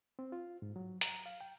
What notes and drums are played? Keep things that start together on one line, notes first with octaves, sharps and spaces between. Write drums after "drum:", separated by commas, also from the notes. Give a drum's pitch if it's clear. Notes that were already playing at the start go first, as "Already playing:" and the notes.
C4
F4
G#2
F#3
A#5, drum: hi-hat
F5
G5